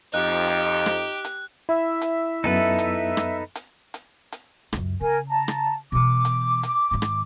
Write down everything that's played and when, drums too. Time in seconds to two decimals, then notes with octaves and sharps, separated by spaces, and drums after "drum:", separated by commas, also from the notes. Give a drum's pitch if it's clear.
0.14 F2 D#4 G4 F#6
0.48 drum: hi-hat
0.86 drum: rim click
1.25 drum: hi-hat
1.69 E4 E5
2.02 drum: hi-hat
2.44 F#2 B3 D#4 A4 B4 A6
2.78 drum: hi-hat
3.17 drum: rim click
3.55 drum: hi-hat
3.94 drum: hi-hat
4.32 drum: hi-hat
4.73 C#2 F#2, drum: rim click
5.01 C#3 A#4 G#5
5.29 A5 A#5
5.48 drum: rim click
5.92 B2 E3 D6
6.25 drum: hi-hat
6.63 drum: hi-hat
6.91 G#2 D#3
7.02 drum: rim click